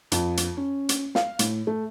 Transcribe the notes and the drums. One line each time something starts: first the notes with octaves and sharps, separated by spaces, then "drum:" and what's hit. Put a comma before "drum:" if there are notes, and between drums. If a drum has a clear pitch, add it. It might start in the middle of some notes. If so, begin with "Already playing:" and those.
F2, drum: hi-hat
drum: hi-hat
C#4
drum: hi-hat
F5, drum: snare
A2, drum: hi-hat
A3